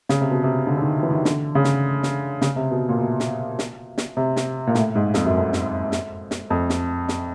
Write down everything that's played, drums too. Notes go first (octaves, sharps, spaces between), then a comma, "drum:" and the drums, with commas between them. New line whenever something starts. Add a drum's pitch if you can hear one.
C#3, drum: snare
C3
B2
C3
D3
D3
D#3
E3
D#3
D3, drum: snare
C#3
drum: snare
drum: snare
C#3, drum: snare
C3
B2
A#2
B2
drum: snare
drum: snare
drum: snare
C3
drum: snare
A#2
A2, drum: snare
G#2
F2, drum: snare
F#2
F2
drum: snare
drum: snare
drum: snare
F2
drum: snare
drum: snare